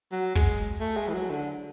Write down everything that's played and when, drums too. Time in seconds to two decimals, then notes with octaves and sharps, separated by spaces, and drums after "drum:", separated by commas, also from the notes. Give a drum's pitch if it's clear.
0.12 F#3
0.35 G#3, drum: kick
0.80 A3
0.97 G#3
1.08 E3
1.14 F#3
1.30 D3